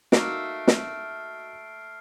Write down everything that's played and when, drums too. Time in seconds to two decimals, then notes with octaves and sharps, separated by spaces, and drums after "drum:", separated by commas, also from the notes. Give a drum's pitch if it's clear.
0.12 A3 A#3 D#4 F#4 F6 C7 D7, drum: snare
0.68 drum: snare